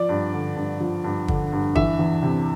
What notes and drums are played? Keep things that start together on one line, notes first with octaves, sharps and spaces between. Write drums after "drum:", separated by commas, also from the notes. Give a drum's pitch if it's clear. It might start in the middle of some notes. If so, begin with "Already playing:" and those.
Already playing: F3 D5
G2
D3
G2
F3
G2
D3, drum: kick
G2
E3 E5, drum: kick
E2
C3